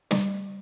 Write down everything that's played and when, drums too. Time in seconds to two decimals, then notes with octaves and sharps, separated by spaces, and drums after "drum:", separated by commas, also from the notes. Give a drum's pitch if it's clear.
0.11 G3, drum: snare